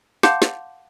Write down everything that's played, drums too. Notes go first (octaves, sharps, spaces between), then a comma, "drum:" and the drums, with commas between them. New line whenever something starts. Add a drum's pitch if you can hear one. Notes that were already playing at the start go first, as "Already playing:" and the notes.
F5 F#5 A5 C6 D6 G6, drum: snare
drum: snare